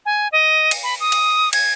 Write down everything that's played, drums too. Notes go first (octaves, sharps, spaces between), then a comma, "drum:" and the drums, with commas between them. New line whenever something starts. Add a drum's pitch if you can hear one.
G#5
D#5
drum: cymbal
B5
D#6
drum: cymbal
G#6, drum: cymbal